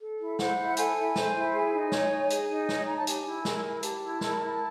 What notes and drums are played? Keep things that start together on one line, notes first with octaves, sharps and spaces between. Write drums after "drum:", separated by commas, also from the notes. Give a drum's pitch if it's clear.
A4
E4
C5 F#5, drum: snare
E4
A4 G#5, drum: hi-hat
E4
C5, drum: snare
E4
G#4 G#5
D#4
C#5, drum: snare
D#4
G#4, drum: hi-hat
D#4
C#5, drum: snare
D#4 A#5
A5
G4 G#5, drum: hi-hat
E4
A#4, drum: snare
E4
G4 A5, drum: hi-hat
E4
A#4, drum: snare
E4